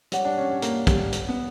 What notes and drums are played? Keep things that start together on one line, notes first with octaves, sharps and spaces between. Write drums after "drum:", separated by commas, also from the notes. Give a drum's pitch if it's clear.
G3 G4 C#5 F#5, drum: hi-hat
D4
C#4
C#4
A#3, drum: hi-hat
G3, drum: kick, hi-hat
drum: hi-hat
B3